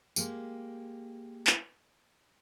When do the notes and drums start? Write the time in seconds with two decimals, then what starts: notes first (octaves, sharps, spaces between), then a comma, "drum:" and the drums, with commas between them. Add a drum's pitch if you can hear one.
0.16 G#3 A#3 G4, drum: tambourine
1.47 drum: clap